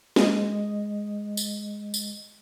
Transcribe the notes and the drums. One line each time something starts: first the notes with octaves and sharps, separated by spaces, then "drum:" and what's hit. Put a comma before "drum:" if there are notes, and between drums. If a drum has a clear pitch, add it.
G#3 D#5, drum: snare
drum: tambourine
drum: tambourine